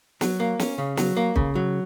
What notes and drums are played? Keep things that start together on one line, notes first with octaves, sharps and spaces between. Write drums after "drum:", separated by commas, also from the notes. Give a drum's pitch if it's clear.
F#3, drum: snare
A#3
C#4, drum: snare
C#3
F#3, drum: snare
A#3
C#3, drum: kick
F#3